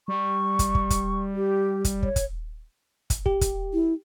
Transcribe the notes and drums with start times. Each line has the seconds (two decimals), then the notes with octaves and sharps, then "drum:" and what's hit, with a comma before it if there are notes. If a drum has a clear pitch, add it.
0.08 G3 C#6
0.59 drum: kick, hi-hat
0.75 drum: kick
0.90 drum: kick, hi-hat
1.35 G4
1.85 drum: kick, hi-hat
2.03 C#5, drum: kick
2.16 drum: kick, hi-hat
3.10 drum: kick, hi-hat
3.26 G4, drum: kick
3.41 drum: kick, hi-hat
3.73 E4